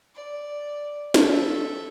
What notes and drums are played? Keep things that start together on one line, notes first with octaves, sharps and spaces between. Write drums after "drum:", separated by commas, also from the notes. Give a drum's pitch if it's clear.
D5
A4 E5, drum: snare